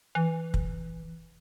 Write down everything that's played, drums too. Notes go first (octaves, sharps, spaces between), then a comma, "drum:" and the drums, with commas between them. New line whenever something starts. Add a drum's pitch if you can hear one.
E3
drum: kick